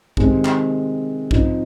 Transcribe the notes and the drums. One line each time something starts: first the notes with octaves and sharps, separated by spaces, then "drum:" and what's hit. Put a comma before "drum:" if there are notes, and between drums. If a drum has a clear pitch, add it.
C3 D#3 G#3 C4, drum: kick
drum: clap
F3 C4 D#4, drum: kick